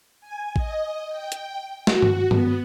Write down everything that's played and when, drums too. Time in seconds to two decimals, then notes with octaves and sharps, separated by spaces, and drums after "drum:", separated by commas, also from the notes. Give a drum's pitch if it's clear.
0.21 G#5
0.56 D#5, drum: kick A1
1.08 G5
1.32 drum: hi-hat
1.87 F#4, drum: snare
2.02 drum: tom G2
2.31 B3, drum: tom G2